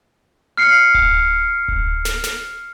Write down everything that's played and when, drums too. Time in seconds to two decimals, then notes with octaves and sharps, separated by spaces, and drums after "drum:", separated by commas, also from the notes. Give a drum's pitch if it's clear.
0.58 F6 C7 C#7
0.94 drum: kick D1
1.68 drum: kick D1
2.05 drum: snare
2.24 drum: snare